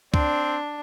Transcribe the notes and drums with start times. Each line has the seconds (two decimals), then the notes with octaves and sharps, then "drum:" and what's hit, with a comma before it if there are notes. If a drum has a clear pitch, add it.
0.14 C4 D4, drum: kick